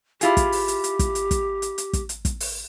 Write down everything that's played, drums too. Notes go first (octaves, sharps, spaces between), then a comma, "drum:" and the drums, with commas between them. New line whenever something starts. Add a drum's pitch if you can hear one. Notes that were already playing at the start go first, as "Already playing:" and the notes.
E4 F4 G4 G#4, drum: hi-hat
drum: kick, hi-hat
drum: open hi-hat
drum: hi-hat
drum: hi-hat
drum: kick, hi-hat
drum: hi-hat
drum: kick, hi-hat
drum: hi-hat
drum: hi-hat
drum: kick, hi-hat
drum: hi-hat
drum: kick, hi-hat
drum: open hi-hat